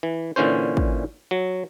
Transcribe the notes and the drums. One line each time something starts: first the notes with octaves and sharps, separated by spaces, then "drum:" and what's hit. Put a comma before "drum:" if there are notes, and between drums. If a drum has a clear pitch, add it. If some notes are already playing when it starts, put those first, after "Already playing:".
E3
A#2 D3 E3 C#4 C5
drum: kick
F#3